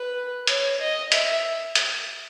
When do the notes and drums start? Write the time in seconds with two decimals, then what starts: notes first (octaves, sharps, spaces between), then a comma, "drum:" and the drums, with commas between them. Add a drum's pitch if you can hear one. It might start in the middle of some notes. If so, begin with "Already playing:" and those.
Already playing: B4
0.47 C#5, drum: hi-hat
0.80 D#5
1.12 E5, drum: hi-hat
1.75 drum: hi-hat